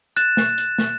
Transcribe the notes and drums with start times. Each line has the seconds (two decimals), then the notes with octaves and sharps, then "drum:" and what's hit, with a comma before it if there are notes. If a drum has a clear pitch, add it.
0.17 F#6 A6 E7, drum: hi-hat
0.37 drum: snare
0.58 drum: hi-hat
0.78 drum: snare